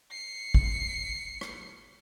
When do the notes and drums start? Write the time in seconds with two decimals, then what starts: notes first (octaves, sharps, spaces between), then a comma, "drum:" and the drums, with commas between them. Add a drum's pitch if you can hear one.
0.11 C7 C#7
0.54 drum: kick
1.41 drum: rim click